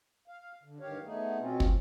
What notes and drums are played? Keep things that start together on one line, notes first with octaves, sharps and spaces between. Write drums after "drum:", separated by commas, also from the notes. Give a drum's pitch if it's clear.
F5
D3
G2 D#3 G4 C#5 F5
A3 B3 D#4 G#4
B2 C4 C#4 F4
drum: kick